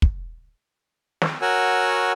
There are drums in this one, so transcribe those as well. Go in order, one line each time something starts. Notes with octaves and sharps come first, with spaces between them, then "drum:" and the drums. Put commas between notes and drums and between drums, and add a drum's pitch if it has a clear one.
drum: kick
drum: snare
F#4 A#4 C#5 F#5 G#5 E6